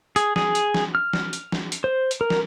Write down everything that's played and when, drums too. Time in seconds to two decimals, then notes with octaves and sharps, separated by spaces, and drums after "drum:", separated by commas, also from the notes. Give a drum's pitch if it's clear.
0.16 G#4, drum: hi-hat
0.36 G#4, drum: snare
0.55 drum: hi-hat
0.74 drum: snare
0.95 F6
1.13 drum: snare
1.33 drum: hi-hat
1.52 drum: snare
1.72 drum: hi-hat
1.84 C5
2.11 drum: hi-hat
2.21 A#4
2.30 drum: snare